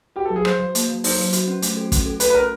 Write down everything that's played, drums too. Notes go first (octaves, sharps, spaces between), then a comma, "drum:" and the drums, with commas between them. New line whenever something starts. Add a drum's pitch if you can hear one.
F#4 G4
A4
F#3
G#4
F#3 C5, drum: rim click
F#3
A#3, drum: hi-hat
F#3
D#4 C5, drum: open hi-hat
F#3
F#4, drum: hi-hat
C#4
A3, drum: hi-hat
A4
C#4, drum: kick, hi-hat
A4
A4 B4, drum: hi-hat
B4
C#4 A#4